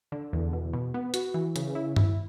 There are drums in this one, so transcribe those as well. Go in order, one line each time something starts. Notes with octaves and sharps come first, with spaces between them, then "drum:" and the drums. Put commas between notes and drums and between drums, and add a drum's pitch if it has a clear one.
D3
E2
B2
B2
B3
F#4, drum: hi-hat
E3
C#3, drum: hi-hat
E4
E4, drum: tom G2